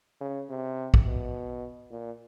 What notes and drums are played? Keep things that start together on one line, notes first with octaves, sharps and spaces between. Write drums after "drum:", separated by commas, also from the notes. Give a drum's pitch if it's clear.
C#3
C3
drum: kick
B2
A#2